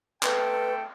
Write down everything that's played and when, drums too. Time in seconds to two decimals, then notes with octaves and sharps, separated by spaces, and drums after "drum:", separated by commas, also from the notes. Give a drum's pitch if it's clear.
0.23 A3 A4 B4 G5, drum: clap